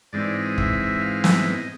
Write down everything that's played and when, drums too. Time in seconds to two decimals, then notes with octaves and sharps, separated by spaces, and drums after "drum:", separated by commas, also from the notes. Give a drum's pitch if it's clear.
0.13 G#2 E3 G#3 C4 D5
0.35 D#5
0.58 E5, drum: kick
0.80 E5
1.01 F5
1.24 E5, drum: snare
1.45 D#5